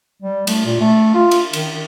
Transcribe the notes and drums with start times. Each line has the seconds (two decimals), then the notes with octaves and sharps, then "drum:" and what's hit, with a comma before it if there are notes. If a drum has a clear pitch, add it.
0.22 G3
0.47 A3, drum: cymbal
0.65 A#2
0.80 A3
1.14 F4
1.31 drum: cymbal
1.53 D#3, drum: cymbal